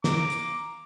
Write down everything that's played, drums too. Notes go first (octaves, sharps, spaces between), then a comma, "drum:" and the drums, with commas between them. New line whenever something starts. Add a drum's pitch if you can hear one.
A#5 D6, drum: snare
drum: tambourine